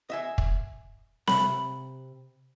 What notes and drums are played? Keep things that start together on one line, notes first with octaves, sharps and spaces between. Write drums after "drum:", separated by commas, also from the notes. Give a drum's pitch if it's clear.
D#5 E5 G#5
drum: kick
C2 C3 B5, drum: snare C4